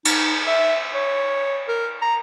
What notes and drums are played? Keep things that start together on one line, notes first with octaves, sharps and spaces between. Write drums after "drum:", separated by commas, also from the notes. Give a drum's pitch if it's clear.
D#4, drum: cymbal
E5
C#5
A#4
A#5